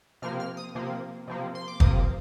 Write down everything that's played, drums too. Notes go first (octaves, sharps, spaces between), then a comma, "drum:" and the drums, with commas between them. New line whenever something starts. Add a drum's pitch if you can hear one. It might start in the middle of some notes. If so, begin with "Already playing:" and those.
C3 F3 A#3 F6
F6
D#6
C3 F3 A#3
C3 F3 A#3
C6
D6
C3 F3 A#3 D#6, drum: kick